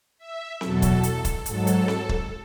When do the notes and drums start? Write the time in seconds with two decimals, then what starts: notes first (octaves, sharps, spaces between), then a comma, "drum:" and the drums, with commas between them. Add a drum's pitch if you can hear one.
0.18 E5
0.61 E2 B2 F#3 A4, drum: snare C4
0.82 drum: kick, hi-hat
1.03 drum: hi-hat
1.25 drum: kick, hi-hat
1.46 G#2 F#3 A4, drum: hi-hat
1.67 drum: hi-hat
1.88 drum: snare C4
2.09 drum: kick